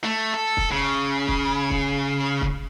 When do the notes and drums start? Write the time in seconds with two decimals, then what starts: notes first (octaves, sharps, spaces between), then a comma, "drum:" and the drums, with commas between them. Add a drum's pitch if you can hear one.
0.04 A3
0.34 A4
0.57 drum: kick
0.71 C#3
1.28 drum: kick
1.70 drum: kick
2.41 drum: kick